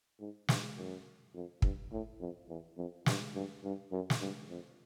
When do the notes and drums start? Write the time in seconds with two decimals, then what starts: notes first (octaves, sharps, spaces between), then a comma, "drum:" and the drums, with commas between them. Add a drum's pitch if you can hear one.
0.20 G#2
0.49 G2, drum: snare
0.77 F#2
1.35 F2
1.62 G2, drum: kick
1.92 A2
2.20 F2
2.48 E2
2.77 F2
3.06 G2, drum: snare
3.34 G2
3.64 G2
3.92 F#2
4.10 drum: snare
4.20 G2
4.50 F2